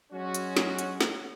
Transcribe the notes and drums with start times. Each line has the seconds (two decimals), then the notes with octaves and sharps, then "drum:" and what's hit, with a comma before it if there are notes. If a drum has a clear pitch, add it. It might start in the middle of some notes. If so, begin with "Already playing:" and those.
0.12 F#3 G#3 C#4 F#4
0.34 drum: hi-hat
0.56 drum: snare
0.79 drum: hi-hat
1.01 drum: snare